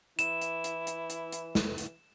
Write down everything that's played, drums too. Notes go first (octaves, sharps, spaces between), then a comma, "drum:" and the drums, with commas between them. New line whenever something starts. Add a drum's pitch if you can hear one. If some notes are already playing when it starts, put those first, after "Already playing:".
E3 E4 E7, drum: hi-hat
drum: hi-hat
drum: hi-hat
drum: hi-hat
drum: hi-hat
drum: hi-hat
drum: snare
drum: hi-hat